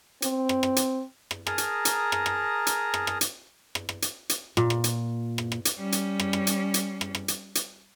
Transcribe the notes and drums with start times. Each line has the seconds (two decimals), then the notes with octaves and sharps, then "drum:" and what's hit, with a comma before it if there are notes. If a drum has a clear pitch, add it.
0.22 C4, drum: hi-hat
0.49 drum: rim click
0.63 drum: rim click
0.76 drum: hi-hat
1.31 drum: rim click
1.47 G#4 A#4 A5 A#5 D#6, drum: rim click
1.58 drum: hi-hat
1.85 drum: hi-hat
2.12 drum: rim click
2.26 drum: rim click
2.67 drum: hi-hat
2.94 drum: rim click
3.07 drum: rim click
3.21 drum: hi-hat
3.75 drum: rim click
3.89 drum: rim click
4.02 drum: hi-hat
4.29 drum: hi-hat
4.57 A#2, drum: rim click
4.70 drum: rim click
4.84 drum: hi-hat
5.38 drum: rim click
5.52 drum: rim click
5.65 drum: hi-hat
5.78 G3 C#4
5.92 drum: hi-hat
6.20 drum: rim click
6.33 drum: rim click
6.47 drum: hi-hat
6.74 drum: hi-hat
7.01 drum: rim click
7.15 drum: rim click
7.28 drum: hi-hat
7.55 drum: hi-hat